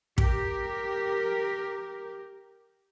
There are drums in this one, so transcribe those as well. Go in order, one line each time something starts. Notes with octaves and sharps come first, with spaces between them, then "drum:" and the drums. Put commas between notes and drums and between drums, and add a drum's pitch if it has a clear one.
G4 A#4, drum: kick